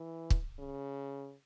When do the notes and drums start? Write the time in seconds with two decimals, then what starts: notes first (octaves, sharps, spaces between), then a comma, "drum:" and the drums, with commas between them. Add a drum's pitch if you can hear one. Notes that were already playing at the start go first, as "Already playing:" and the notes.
Already playing: E3
0.30 drum: kick
0.59 C#3